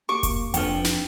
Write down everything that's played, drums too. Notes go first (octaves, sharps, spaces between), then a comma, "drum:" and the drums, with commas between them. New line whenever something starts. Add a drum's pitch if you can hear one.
A#3 G4 C#6 D6
drum: kick F1, hi-hat
F2 F3 D4 B4 G5, drum: hi-hat
drum: snare